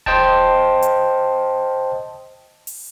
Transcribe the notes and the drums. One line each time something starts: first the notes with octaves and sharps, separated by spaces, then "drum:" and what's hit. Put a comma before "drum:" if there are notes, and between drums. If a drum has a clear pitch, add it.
C5 D#5 G5 A5, drum: kick D#1
drum: hi-hat
drum: open hi-hat